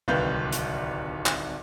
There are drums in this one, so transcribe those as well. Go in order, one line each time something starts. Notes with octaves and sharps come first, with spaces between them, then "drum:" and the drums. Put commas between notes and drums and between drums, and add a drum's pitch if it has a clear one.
D1 C2 D#3 B4 F5 G6
drum: hi-hat
drum: clap